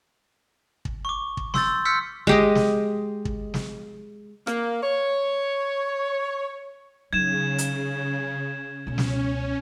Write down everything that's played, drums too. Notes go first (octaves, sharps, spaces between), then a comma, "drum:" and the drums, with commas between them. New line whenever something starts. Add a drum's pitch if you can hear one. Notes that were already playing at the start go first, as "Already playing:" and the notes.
drum: kick
C#6 D6
drum: kick
C6 E6 G6 A6, drum: snare
C6 E6 F6 G6 B6 C#7
G#3 G4 D#5, drum: kick
drum: snare
drum: kick
drum: snare
A#3, drum: rim click
C#5
C#3 F#3 D#4 G#6 E7
drum: hi-hat
C#2 B2 C#4
drum: snare